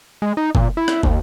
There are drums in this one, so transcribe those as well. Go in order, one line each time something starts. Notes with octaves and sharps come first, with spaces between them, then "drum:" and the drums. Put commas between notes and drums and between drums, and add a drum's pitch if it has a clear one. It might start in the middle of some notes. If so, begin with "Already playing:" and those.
G#3
D#4
A#2, drum: kick
E4
drum: rim click
D#2, drum: kick